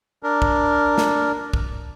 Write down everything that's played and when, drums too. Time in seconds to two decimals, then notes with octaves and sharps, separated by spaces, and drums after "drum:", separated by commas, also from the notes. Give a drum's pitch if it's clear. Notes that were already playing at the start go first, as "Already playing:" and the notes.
0.23 D4 A#4
0.42 drum: kick
0.98 drum: snare
1.53 drum: kick